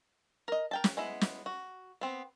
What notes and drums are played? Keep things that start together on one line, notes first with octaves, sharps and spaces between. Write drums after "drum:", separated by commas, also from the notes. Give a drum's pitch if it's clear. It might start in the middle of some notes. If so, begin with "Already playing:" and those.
A#4 D#5
A#4 G5 A5
drum: snare
G#3 B3 E4
drum: snare
F#4
B3 C4